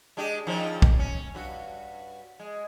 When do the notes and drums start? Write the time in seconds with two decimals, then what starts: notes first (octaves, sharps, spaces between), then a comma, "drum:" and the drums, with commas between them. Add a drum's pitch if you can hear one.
0.17 G#3 D4 G4
0.47 D#3 F3 C#4
0.82 drum: kick
0.99 C#4
1.35 G2 F#4
2.39 G#3